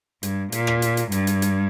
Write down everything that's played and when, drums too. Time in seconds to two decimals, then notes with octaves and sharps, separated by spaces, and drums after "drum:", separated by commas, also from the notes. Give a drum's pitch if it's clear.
0.23 G2, drum: hi-hat
0.52 A#2, drum: hi-hat
0.67 drum: rim click
0.82 drum: hi-hat
0.97 drum: hi-hat
1.12 G2, drum: hi-hat
1.27 drum: hi-hat
1.42 drum: hi-hat